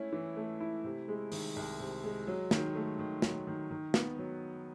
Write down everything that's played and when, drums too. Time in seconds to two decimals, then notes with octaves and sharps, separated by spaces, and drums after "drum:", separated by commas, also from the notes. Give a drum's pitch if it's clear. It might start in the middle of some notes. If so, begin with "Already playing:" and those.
Already playing: A3 C#4 E4
0.12 E3
0.37 A3
0.60 E4
0.84 C3
1.08 G#3
1.32 D#3, drum: open hi-hat
1.56 C2
1.80 C3
2.04 G#3
2.27 F#3
2.51 D#3, drum: snare
2.75 A3
2.99 D#3
3.22 F#3, drum: snare
3.47 D#3
3.71 D#3
3.94 B3, drum: snare
4.19 F#3